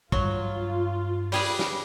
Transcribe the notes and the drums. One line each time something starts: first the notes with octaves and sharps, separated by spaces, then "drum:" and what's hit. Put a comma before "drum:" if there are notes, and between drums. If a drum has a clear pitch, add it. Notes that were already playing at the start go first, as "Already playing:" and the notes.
G2 F#3 F4, drum: kick
G3 G#4 B4, drum: open hi-hat
drum: snare